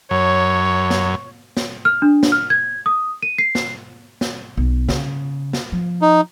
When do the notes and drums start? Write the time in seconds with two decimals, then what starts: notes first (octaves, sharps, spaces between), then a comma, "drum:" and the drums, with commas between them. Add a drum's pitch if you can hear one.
0.11 F#2 C#5
0.90 drum: snare
1.57 drum: snare
1.85 F6
2.02 D4
2.23 drum: snare
2.32 F6
2.50 G#6
2.86 D#6
3.23 D#7
3.38 C7
3.55 drum: snare
4.21 drum: snare
4.57 B1
4.89 C#3, drum: snare
5.53 drum: snare
5.72 F3
6.02 D#4